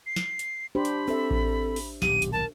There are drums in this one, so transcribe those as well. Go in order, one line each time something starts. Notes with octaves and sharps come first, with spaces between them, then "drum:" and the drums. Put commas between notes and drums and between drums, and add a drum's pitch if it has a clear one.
C7
drum: snare
drum: hi-hat
D4 G4 C5 B5
drum: hi-hat
C4 A4 C5 E5
drum: kick A1
drum: open hi-hat
D#1 B1 G4 D#7, drum: snare
drum: hi-hat
A#4 A5